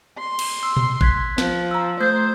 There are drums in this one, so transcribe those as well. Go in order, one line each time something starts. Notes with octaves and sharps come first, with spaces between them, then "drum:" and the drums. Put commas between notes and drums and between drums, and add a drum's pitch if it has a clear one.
C6
drum: cymbal
E6
drum: tom A#2
F#6 G#6 B6, drum: kick
F3 F#6, drum: snare
A#5 E6
A3 C5 G6 G#6